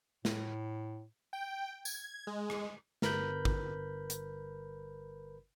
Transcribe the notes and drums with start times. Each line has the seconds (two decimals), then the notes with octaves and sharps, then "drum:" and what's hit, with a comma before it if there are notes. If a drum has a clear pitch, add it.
0.25 A2, drum: snare
1.33 G5
1.85 G#6, drum: tambourine
2.27 G#3
2.50 drum: rim click
3.02 G1 A#4 B4 B5 G6, drum: snare
3.45 drum: kick
4.10 drum: hi-hat